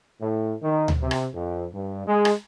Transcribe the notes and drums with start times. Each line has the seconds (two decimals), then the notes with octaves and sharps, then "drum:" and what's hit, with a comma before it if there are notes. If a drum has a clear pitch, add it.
0.21 A2
0.62 D#3
0.88 drum: tom D2
1.01 C3
1.11 drum: rim click
1.34 F2
1.73 G2
2.06 G#3
2.25 drum: rim click